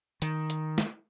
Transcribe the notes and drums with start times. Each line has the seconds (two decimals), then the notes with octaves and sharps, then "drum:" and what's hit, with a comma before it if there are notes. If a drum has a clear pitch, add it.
0.22 D#3, drum: hi-hat
0.50 drum: hi-hat
0.78 drum: snare